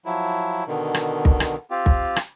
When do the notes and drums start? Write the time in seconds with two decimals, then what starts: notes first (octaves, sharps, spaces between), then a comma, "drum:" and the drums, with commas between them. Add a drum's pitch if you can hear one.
0.05 F3 F#3 E4
0.67 B2 D3 D#3
0.94 drum: rim click
1.25 drum: kick
1.40 drum: rim click
1.71 C4 F4 G4
1.86 drum: kick
2.16 drum: rim click